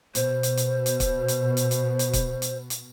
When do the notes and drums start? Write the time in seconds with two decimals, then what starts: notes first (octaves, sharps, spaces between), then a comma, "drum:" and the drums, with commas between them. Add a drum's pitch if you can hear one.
0.15 B2 C5, drum: hi-hat
0.43 drum: hi-hat
0.57 drum: hi-hat
0.86 drum: hi-hat
1.00 drum: kick, hi-hat
1.28 drum: hi-hat
1.57 drum: hi-hat
1.71 drum: hi-hat
1.99 drum: hi-hat
2.13 drum: kick, hi-hat
2.42 drum: hi-hat
2.70 drum: hi-hat